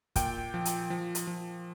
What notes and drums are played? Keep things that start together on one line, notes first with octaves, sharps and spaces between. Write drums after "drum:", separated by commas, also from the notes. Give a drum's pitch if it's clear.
A#2 G5, drum: kick, hi-hat
F3
drum: hi-hat
F3
drum: hi-hat
F3